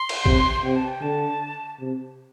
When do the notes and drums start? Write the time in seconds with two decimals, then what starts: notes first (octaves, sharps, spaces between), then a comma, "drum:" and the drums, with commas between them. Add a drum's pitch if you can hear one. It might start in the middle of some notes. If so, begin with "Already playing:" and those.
Already playing: C6
0.09 drum: cymbal
0.26 C3, drum: kick A1
0.64 C3 G5
0.76 A5
0.88 G5
1.02 D3 A5
1.80 C3